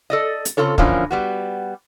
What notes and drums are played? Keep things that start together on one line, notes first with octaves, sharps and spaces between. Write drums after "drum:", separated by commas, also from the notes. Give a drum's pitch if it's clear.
A4 D5 D#5
drum: hi-hat
C#3 C4 F4 A4 C#5
D3 E3 F3 A#3 C#4 D4, drum: kick
G3 B3 F#4